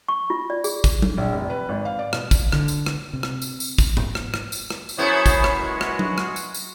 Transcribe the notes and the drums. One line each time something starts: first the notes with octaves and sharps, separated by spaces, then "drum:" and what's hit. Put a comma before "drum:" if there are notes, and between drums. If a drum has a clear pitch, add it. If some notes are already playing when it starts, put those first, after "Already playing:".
C#6
F4
D5
G#4, drum: tambourine
drum: kick, tambourine
drum: tom F#3
A#1
F1
B4
G#1
F5
D5
B2, drum: rim click
drum: kick, tambourine
D3, drum: rim click
drum: tambourine
drum: rim click
C3
drum: rim click
drum: tambourine
drum: tambourine
drum: kick, tambourine
drum: tom G#2
drum: rim click
drum: rim click
drum: tambourine
drum: rim click
drum: tambourine
F#2 B3 E4 G#4 C5 C#5
drum: kick, tambourine
drum: rim click
G#3 F#4
drum: rim click
drum: tom F#3
drum: rim click
drum: tambourine
drum: tambourine